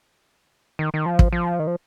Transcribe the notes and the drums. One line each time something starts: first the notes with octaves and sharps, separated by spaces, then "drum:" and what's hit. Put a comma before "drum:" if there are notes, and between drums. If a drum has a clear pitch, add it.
D#3
D#3
F3
drum: kick
F3
D#3
F3